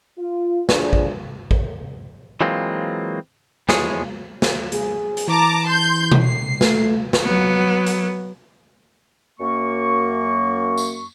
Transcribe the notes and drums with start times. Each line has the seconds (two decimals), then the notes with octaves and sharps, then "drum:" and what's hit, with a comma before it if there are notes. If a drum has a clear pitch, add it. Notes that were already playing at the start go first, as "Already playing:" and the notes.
0.18 F4
0.69 D2 D4 F4 G#4 C5 D5, drum: snare
0.93 drum: kick A1
1.51 drum: kick A1
2.41 E3 F#3 G#3 A#3 C4 F4
3.69 E2 E3 F3 G#3 G#4 C#5, drum: snare
4.42 drum: snare
4.72 G#4, drum: hi-hat
5.17 drum: hi-hat
5.28 E3 A5 A#5 D6
5.67 C6 G6
6.11 drum: tom B2
6.22 C7
6.61 A3, drum: snare
7.13 drum: snare
7.24 F#3 B3
7.86 drum: hi-hat
9.40 F#2 A#3 C#6
10.78 drum: tambourine